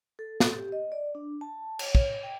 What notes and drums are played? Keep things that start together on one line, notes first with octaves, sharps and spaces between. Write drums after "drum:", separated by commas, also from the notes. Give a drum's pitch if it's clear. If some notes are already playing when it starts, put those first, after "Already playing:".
A4
A4, drum: snare
G4
D#5
D5
D4
A5
C#5, drum: cymbal
C#5, drum: kick
G5